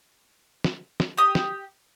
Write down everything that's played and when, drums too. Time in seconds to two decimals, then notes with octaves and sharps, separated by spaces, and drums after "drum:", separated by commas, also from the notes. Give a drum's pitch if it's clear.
0.64 drum: snare
1.00 drum: snare
1.17 G4 D#6
1.35 drum: snare